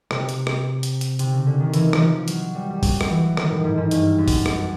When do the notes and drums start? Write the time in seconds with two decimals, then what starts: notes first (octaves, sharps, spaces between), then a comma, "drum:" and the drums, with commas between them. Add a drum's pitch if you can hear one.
0.11 C3, drum: rim click
0.29 drum: hi-hat
0.47 drum: rim click
0.83 drum: hi-hat
1.01 drum: hi-hat
1.19 C3, drum: hi-hat
1.33 C#3
1.46 D3
1.60 D#3
1.74 E3, drum: hi-hat
1.93 E3, drum: rim click
2.01 F3
2.28 F#3, drum: hi-hat
2.55 G3
2.70 G3
2.83 F#3, drum: kick, open hi-hat
3.01 drum: rim click
3.10 E3
3.37 D#3, drum: rim click
3.50 A2
3.64 G#2
3.78 G#2
3.91 G2, drum: hi-hat
4.18 F#2
4.28 drum: kick, open hi-hat
4.46 drum: rim click